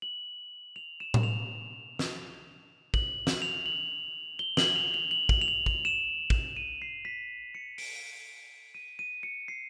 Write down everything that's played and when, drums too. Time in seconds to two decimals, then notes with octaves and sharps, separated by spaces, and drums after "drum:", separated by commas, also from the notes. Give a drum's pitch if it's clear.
0.02 F#7
0.76 F7
1.00 E7
1.14 drum: tom A2
1.23 F7
1.99 drum: snare
2.94 F#7, drum: kick
3.27 drum: snare
3.42 F7
3.66 F#7
4.39 G7
4.57 F#7, drum: snare
4.76 F7
4.94 F7
5.11 F#7
5.29 F#7, drum: kick
5.41 F7
5.48 F#7
5.66 F7, drum: kick
5.85 E7
6.30 drum: kick
6.57 D#7
6.82 C7
7.05 B6
7.55 C#7
7.78 D7, drum: open hi-hat
8.75 D#7
8.99 D#7
9.23 C#7
9.48 C7